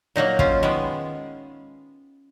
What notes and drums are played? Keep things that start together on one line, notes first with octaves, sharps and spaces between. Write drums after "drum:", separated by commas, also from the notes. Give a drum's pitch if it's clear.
A#2 F#3 A#3 D#4
C#4 F4, drum: kick
D#3 G#3 B3